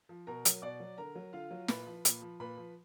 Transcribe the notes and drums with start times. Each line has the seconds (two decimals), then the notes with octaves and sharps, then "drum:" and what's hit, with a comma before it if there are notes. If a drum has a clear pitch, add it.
0.09 F3
0.27 B2 A#4 A#5
0.45 F#3, drum: hi-hat
0.62 B2 D5 D6
0.80 F#3
0.97 D3 A#4 A#5
1.15 F#3
1.33 D3 F4 F5
1.51 F#3
1.68 A#2 B4 B5, drum: snare
1.87 F3
2.05 A#2, drum: hi-hat
2.22 F3
2.40 A#2 B4 B5
2.57 F3